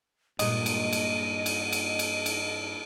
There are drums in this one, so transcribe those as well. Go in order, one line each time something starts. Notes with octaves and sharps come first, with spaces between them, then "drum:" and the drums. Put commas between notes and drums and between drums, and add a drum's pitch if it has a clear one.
G2 A#2 G#3 D#5 D#7, drum: cymbal
drum: cymbal
drum: cymbal
drum: cymbal
drum: cymbal
drum: cymbal
drum: cymbal